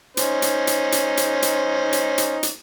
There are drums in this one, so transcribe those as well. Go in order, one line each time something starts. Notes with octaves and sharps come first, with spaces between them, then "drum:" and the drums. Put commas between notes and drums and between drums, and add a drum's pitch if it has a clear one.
C#4 D#4 C5, drum: hi-hat
drum: hi-hat
drum: hi-hat
drum: hi-hat
drum: hi-hat
drum: hi-hat
drum: hi-hat
drum: hi-hat
drum: hi-hat